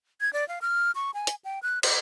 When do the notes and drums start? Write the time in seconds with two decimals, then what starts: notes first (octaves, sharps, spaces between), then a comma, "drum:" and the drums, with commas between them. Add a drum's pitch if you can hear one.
0.21 G#6
0.33 D5
0.48 F5
0.62 F6
0.95 C#6
1.14 G#5
1.27 drum: hi-hat
1.45 G5
1.63 F#6
1.83 C5, drum: cymbal